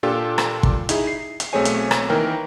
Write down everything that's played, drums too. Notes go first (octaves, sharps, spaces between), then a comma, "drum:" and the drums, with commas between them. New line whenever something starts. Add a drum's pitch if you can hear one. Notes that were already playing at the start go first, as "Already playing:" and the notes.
A#2 D4 F4 G4 A4
drum: rim click
drum: kick
D#4 E4 G#4, drum: hi-hat
C7
drum: hi-hat
B1 A3 C4 G#4 C#5 G#5
drum: hi-hat
drum: rim click
D#3 E3 A#3 A#4 G5